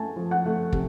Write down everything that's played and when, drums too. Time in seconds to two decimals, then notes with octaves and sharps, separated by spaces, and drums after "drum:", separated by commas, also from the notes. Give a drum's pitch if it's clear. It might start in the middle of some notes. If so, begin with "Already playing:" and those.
Already playing: A3 G#5 A5
0.16 F3
0.31 F#5
0.46 A3
0.73 C3, drum: kick